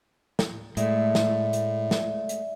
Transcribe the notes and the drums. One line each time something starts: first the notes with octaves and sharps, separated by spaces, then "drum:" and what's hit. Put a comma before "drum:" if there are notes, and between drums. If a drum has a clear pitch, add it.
drum: snare
A2 G#3 A3 D5 E5, drum: hi-hat
drum: snare
drum: hi-hat
drum: snare
drum: hi-hat